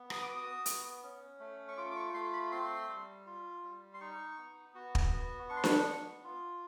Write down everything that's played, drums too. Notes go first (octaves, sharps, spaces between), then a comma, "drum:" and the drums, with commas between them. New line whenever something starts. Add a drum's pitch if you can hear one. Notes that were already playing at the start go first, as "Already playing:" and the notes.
Already playing: B3
D#6, drum: rim click
D6
F#4
D#6
B3, drum: hi-hat
C#4
A3
C#6
F4 D6
D6
C#6
A3 C6
B5
C4 C6
G3
F4
G3
C6
D#4 C#6
B3
F#4
drum: kick
B3
D4 C#6
C6
C#6, drum: snare D4
B3
F4